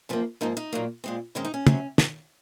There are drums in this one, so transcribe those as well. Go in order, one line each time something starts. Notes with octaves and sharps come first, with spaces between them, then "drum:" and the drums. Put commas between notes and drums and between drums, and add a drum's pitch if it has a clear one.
F#2 F3 A#3 C4
G#2 F3 A#3 D#4
D#4
A#2 F#3 A#3
A#2 G#3 C4
G#2 D#3 G#3 C4 C#4
D#4
C#4
C3 F#3 C4, drum: tom
drum: snare